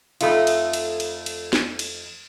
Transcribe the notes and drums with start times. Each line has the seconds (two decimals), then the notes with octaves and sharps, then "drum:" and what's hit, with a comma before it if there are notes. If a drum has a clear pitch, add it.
0.21 F2 A3 D#4 F4, drum: cymbal
0.47 drum: cymbal
0.73 drum: cymbal
1.00 drum: cymbal
1.26 drum: cymbal
1.53 drum: snare
1.79 drum: cymbal